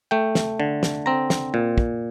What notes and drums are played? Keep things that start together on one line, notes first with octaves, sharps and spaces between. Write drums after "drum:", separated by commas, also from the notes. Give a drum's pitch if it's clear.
A3 G5
drum: snare
D3
drum: snare
C4 A#5
drum: snare
A#2
drum: kick